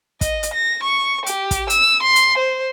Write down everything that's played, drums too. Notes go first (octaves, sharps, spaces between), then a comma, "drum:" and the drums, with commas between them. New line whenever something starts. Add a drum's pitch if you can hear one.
D#5, drum: kick, hi-hat
drum: hi-hat
A#6
C#6
G4, drum: hi-hat
drum: kick, hi-hat
E6, drum: hi-hat
C6
drum: hi-hat
C5